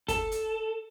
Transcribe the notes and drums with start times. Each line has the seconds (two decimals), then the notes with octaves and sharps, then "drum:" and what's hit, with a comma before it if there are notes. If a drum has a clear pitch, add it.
0.08 A4, drum: kick, hi-hat
0.32 drum: hi-hat